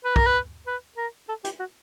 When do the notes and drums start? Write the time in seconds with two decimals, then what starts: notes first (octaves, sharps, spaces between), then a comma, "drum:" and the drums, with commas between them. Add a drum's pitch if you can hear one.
0.04 B4
0.16 A#4, drum: kick
0.27 B4
0.67 B4
0.97 A#4
1.29 A4
1.44 G4, drum: hi-hat
1.59 F#4